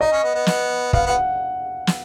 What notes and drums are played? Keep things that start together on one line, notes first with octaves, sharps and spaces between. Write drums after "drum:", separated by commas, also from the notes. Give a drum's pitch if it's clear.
D#4 D#5
C#4
B3
B3
B3, drum: snare
B3 F5, drum: kick
B3
F#5
drum: snare